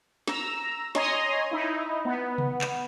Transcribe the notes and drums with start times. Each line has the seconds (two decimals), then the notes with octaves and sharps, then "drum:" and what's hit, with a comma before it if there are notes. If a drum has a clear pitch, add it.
0.28 A#5 E6, drum: snare
0.95 C#5 D#5 G#5 A#5 C6 D#6, drum: snare
1.51 D#4 E4
2.05 B3
2.38 drum: tom C3
2.61 drum: clap